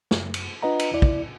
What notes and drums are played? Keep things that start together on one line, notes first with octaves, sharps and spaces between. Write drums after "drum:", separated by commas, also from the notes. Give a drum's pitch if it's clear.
F#2, drum: snare
drum: cymbal
D4 F4 B4 D#5 F#5 A#5
drum: cymbal
E2 E4 D5
drum: kick